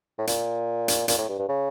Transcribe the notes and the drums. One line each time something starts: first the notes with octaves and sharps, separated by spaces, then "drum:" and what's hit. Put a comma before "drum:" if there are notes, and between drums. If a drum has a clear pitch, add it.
A2
A#2, drum: hi-hat
drum: hi-hat
A#2, drum: hi-hat
A2
G2
G2
C#3